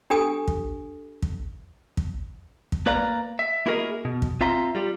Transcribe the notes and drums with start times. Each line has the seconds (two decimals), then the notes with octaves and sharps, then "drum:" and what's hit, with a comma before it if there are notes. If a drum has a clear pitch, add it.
0.10 D4 G4 A4 G#5 D#6
0.48 drum: kick
1.22 drum: kick
1.97 drum: kick
2.72 drum: kick
2.86 A#3 B4 D5 F5 A#5
3.39 E5
3.66 A#3 E4 F#4 G#4 A#4 D#5
4.05 B2
4.22 drum: kick
4.41 C4 F4 E5 F5 A#5 C6
4.75 G3 F4 G4